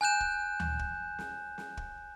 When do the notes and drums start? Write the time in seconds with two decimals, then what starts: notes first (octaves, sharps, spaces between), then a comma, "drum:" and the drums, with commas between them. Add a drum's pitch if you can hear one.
0.01 G#5 F#6 G6 E7
0.20 drum: kick
0.60 drum: tom D2
0.79 drum: kick
1.19 drum: snare
1.58 drum: snare
1.77 drum: kick